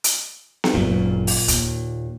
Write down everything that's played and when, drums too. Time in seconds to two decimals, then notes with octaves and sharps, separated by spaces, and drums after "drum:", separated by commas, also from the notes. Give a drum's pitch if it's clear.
0.04 drum: hi-hat
0.64 drum: snare B3
0.74 G#1 F#2 A#2
1.27 drum: open hi-hat
1.48 D#2, drum: hi-hat